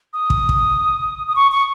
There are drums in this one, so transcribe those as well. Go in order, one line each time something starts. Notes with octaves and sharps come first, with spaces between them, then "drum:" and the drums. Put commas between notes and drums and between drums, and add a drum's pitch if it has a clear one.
D#6
drum: kick
drum: kick
D#6
C#6
C#6